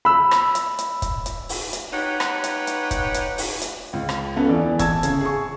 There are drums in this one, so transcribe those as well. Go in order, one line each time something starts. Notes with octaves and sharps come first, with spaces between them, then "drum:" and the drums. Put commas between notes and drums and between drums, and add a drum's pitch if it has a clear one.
B5 E6
drum: rim click
drum: hi-hat
drum: hi-hat
drum: kick, hi-hat
drum: hi-hat
drum: open hi-hat
drum: hi-hat
D#4 G4 B4 C#5 F#5
drum: rim click
drum: hi-hat
drum: hi-hat
drum: kick, hi-hat
drum: hi-hat
drum: open hi-hat
drum: hi-hat
C#2
drum: rim click
B3 C#4 A4
E2 E3 D5
A5 E6 G#6, drum: kick, hi-hat
C#3, drum: hi-hat
G#4 C#6